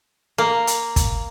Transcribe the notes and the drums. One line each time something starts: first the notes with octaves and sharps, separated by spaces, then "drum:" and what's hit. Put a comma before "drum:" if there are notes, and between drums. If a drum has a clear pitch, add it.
A#3
drum: hi-hat
drum: kick, hi-hat